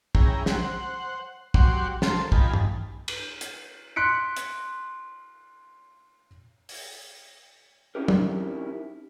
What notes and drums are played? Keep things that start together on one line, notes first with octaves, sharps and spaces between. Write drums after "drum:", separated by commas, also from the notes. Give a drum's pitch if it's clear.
C#4 E4 G#4 G5 A#5, drum: kick
C5 F#5, drum: snare
F#3 G4 F#5 C6 D6, drum: kick
A#3 F4 A4 C5 A5 C6, drum: snare
D#4 F4 G4 G#5 A5 B5, drum: kick
drum: tom G2
drum: cymbal
drum: hi-hat
C6 F#6 B6 C#7 D7
drum: hi-hat
drum: open hi-hat
C4 C#4 D#4 E4 G4 A#4
drum: tom